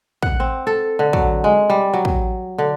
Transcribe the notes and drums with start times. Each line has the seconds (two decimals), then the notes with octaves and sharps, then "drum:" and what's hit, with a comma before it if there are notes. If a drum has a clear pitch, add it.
0.22 F#5, drum: kick
0.40 C4
0.67 A4
0.99 D3
1.13 F#3, drum: kick
1.44 G#3
1.70 G3
1.93 F#3
2.05 drum: kick
2.58 D3